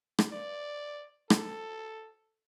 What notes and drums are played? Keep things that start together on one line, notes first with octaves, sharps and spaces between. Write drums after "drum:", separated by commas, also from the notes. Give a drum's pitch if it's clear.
drum: rim click
D5
A4, drum: rim click